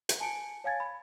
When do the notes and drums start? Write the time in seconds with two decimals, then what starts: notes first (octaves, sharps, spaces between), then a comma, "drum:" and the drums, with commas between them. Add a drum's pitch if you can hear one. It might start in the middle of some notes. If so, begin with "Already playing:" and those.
0.09 drum: hi-hat
0.20 G#5 A5 C#7 D7
0.64 C#5 F5 G#5 G#6 A6
0.80 B5